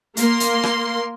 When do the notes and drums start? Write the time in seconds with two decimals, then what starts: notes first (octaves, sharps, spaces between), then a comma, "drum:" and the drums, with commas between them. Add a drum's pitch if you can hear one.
0.17 A#3 C6, drum: hi-hat
0.40 drum: hi-hat
0.63 drum: rim click